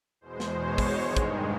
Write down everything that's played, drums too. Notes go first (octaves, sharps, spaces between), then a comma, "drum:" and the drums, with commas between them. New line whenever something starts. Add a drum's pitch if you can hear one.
E2 B2 G#3 C5
drum: snare
C#5
drum: kick, open hi-hat
G2 D#3 G#3
drum: kick, hi-hat